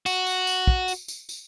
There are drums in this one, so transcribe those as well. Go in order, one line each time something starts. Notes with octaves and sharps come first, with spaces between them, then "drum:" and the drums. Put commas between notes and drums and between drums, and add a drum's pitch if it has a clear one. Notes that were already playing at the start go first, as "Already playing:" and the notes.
F#4, drum: tambourine
drum: tambourine
drum: tambourine
drum: kick
drum: tambourine
drum: tambourine
drum: tambourine